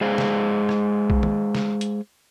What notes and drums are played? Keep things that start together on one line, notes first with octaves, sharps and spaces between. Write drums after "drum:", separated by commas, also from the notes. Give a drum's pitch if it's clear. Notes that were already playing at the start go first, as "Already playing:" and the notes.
G#3 G#4 C5 F5
drum: snare
drum: rim click
drum: kick B1
drum: tom D#3
drum: snare
drum: hi-hat